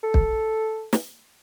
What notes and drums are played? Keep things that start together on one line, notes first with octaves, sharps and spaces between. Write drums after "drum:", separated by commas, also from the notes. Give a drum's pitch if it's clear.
A4
drum: kick
drum: snare